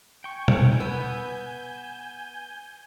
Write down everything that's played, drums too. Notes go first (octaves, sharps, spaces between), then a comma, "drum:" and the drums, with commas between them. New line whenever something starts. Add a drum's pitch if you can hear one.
G5 G#5 C#6 G6
drum: tom
B3 E6